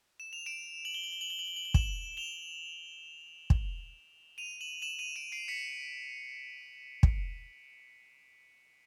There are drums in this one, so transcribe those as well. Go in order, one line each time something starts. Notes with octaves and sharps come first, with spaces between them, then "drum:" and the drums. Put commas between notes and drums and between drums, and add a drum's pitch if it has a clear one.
E7
F7
D7 E7
F#7
G7
F#7
G7
F#7
G7
F#7
G7
F#7
G7
E7 F#7, drum: kick
F7 G7
drum: kick
D#7 F7
E7 F#7
E7 F#7
D#7 F7
D7 E7
C7 D7
B6 C#7
drum: kick